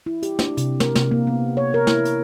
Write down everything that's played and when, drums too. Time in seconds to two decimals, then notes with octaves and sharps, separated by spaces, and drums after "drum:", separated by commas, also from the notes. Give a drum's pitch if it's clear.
0.06 E4
0.23 G4, drum: hi-hat
0.39 D4, drum: snare
0.57 C3, drum: hi-hat
0.80 A#4, drum: snare
0.95 C3, drum: snare
1.11 A#3
1.27 B3
1.57 C#5
1.74 A#4
1.87 E4, drum: snare
2.05 drum: hi-hat